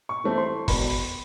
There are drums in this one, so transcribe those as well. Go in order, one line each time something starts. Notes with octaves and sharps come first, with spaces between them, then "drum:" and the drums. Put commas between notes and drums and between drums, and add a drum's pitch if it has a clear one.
C#6
E3 A3 C4
C6
E1 B5, drum: kick G1, open hi-hat
drum: open hi-hat